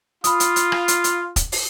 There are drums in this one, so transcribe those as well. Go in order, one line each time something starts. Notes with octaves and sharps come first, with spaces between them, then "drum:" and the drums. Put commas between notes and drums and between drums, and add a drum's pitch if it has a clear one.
F4 B5 D#6, drum: hi-hat
drum: hi-hat
drum: hi-hat
drum: rim click
drum: hi-hat
drum: hi-hat
drum: kick, hi-hat
drum: open hi-hat